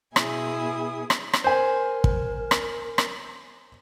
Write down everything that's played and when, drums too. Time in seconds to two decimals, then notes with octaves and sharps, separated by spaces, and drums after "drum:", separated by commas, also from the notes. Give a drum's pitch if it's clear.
0.16 B2 E4 G#4 G#5 D#6, drum: rim click
1.10 drum: rim click
1.33 drum: rim click
1.44 A#4 C5 G#5
2.04 drum: kick
2.51 drum: rim click
2.98 drum: rim click